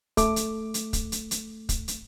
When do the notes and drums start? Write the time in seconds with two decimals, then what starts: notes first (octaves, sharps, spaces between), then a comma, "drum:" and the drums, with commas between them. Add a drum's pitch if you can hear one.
0.17 A3 D6, drum: kick, hi-hat
0.36 drum: hi-hat
0.74 drum: hi-hat
0.93 drum: kick, hi-hat
1.12 drum: hi-hat
1.31 drum: hi-hat
1.69 drum: kick, hi-hat
1.88 drum: hi-hat